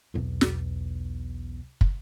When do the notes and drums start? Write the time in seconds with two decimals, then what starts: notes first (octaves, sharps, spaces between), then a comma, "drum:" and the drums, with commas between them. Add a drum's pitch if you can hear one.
0.14 B1 E2
0.41 drum: snare
1.81 drum: kick